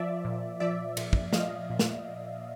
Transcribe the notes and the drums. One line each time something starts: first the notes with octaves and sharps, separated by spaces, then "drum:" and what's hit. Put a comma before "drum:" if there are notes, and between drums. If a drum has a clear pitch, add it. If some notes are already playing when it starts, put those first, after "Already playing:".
Already playing: F3 D5 E5
A#2
F3 D5 E5
A#2, drum: cymbal
drum: kick
F3 D#5 F5, drum: snare
A#2
drum: snare